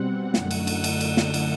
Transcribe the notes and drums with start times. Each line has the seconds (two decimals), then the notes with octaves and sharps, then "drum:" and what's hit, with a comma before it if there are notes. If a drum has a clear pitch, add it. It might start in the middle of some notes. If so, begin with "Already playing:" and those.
Already playing: B2 G3 C4 F#5
0.34 F#2 D3 A3, drum: snare
0.51 drum: cymbal
0.67 drum: cymbal
0.84 drum: cymbal
1.01 drum: cymbal
1.17 drum: snare
1.34 drum: cymbal